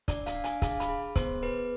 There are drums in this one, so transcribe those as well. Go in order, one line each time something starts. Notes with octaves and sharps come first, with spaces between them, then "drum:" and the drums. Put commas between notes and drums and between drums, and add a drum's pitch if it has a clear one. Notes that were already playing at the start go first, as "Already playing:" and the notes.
D4 D5, drum: kick C#1, hi-hat
F5, drum: hi-hat
D4
G#5, drum: hi-hat
G#4 F5, drum: kick C#1, hi-hat
B5, drum: hi-hat
G#4
B3 C5, drum: kick C#1, hi-hat
G#4 B4